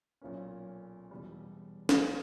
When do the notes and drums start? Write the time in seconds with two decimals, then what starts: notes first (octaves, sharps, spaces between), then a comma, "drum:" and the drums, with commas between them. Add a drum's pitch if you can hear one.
0.22 B1 A#2 A#3 C#4
1.11 E2 B2 G3
1.89 drum: snare
2.03 B2 G3